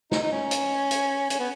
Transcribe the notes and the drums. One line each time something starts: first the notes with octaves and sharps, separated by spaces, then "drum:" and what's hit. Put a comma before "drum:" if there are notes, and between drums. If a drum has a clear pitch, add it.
D#4, drum: snare
D#4
C#4
drum: hi-hat
drum: hi-hat
C#4, drum: hi-hat
B3